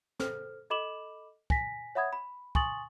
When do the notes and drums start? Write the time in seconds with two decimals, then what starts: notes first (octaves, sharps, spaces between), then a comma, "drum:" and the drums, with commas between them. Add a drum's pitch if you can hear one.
0.20 A4 C5 F6, drum: snare
0.70 A4 D#5 B5 D6 E7 F#7
1.50 G#5 A#6 B6, drum: kick
1.95 C#5 E5 F#5 B5 D#6 G#6
2.13 B5
2.55 G#5 C6 C#6 D#6 A6 F#7, drum: kick